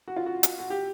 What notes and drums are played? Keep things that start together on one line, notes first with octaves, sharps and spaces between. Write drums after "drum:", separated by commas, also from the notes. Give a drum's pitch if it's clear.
F#4
F4
F#4
drum: hi-hat
F#4
G4